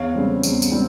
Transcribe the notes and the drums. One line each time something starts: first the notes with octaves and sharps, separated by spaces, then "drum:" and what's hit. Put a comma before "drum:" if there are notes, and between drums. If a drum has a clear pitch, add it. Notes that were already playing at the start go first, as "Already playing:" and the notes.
Already playing: E2 C#5 F5
C#3 G3 C4
E2, drum: tambourine
drum: tambourine
G3 C4